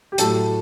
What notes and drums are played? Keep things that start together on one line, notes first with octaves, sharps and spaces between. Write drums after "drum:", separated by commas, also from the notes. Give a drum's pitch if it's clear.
G4
A2 F#3 A3 A4, drum: hi-hat